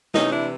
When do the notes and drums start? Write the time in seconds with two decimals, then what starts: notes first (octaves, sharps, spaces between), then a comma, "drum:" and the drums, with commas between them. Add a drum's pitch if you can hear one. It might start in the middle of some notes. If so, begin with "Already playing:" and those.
0.14 C3 E3 C#4 D#4, drum: snare
0.32 D4 E4